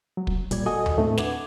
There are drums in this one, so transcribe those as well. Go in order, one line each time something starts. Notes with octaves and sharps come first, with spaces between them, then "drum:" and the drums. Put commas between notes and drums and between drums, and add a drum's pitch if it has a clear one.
F#3
drum: kick
A#2 G3 D5 G#6, drum: hi-hat
F#4 A4 D#5 G#5 D#6
drum: tom D#2
A2 A3 C4 D4
B4 F#5 D6 G#6, drum: snare